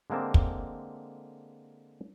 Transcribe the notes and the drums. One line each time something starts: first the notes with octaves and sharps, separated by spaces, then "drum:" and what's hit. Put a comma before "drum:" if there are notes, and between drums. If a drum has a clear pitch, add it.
D3 G#3 A#3 C4 A5
drum: kick